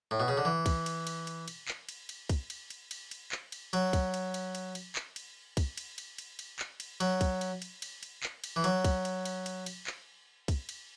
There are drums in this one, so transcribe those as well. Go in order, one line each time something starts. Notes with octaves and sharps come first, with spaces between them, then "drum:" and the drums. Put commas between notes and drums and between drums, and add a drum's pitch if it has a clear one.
A2
B2
C#3
D3
E3
drum: kick, cymbal
drum: cymbal
drum: cymbal
drum: cymbal
drum: cymbal
drum: clap
drum: cymbal
drum: cymbal
drum: kick, cymbal
drum: cymbal
drum: cymbal
drum: cymbal
drum: cymbal
drum: clap
drum: cymbal
F#3, drum: cymbal
drum: kick, cymbal
drum: cymbal
drum: cymbal
drum: cymbal
drum: cymbal
drum: clap
drum: cymbal
drum: kick, cymbal
drum: cymbal
drum: cymbal
drum: cymbal
drum: cymbal
drum: clap
drum: cymbal
F#3, drum: cymbal
drum: kick, cymbal
drum: cymbal
drum: cymbal
drum: cymbal
drum: cymbal
drum: clap
drum: cymbal
E3
F#3, drum: cymbal
drum: kick, cymbal
drum: cymbal
drum: cymbal
drum: cymbal
drum: cymbal
drum: clap
drum: kick, cymbal
drum: cymbal